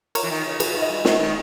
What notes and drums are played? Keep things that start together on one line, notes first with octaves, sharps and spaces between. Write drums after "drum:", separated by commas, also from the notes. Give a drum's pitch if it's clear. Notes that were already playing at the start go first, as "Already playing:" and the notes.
A#4 C#5, drum: cymbal
E3
D#3
C#3
B2 G#4 B4, drum: cymbal
G#2
B4 D#5
G2
G#2 A#4 C#5, drum: snare
D#3